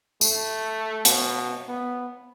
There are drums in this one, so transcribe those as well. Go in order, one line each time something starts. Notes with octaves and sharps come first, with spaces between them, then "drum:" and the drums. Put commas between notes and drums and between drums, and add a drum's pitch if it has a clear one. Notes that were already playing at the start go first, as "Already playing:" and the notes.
A3, drum: tambourine
B2, drum: hi-hat
B3